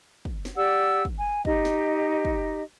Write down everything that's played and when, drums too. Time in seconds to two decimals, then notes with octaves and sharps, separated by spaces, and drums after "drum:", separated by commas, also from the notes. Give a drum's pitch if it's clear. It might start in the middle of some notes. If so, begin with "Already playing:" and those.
0.25 drum: kick
0.45 drum: snare
0.56 G4 D5 F#5 E6
1.05 drum: kick
1.18 G#5
1.45 D#4 G4 D#5, drum: kick
1.65 drum: snare
2.25 drum: kick